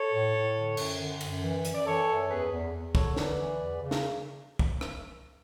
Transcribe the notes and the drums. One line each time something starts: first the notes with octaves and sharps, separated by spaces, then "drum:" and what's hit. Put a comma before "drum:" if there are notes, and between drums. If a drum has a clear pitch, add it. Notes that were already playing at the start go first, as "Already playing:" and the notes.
Already playing: A4 C#5
A2
A2
D3
F#2, drum: cymbal
D3
F#2, drum: cymbal
E3
F#2, drum: hi-hat
D5
E3 A4 C#5
F#2
E2 G#4 B4
E2
E2
D3 A4 C#5, drum: kick
E3 B4 D5, drum: snare
E3
E2
C#3
drum: snare
drum: kick
drum: rim click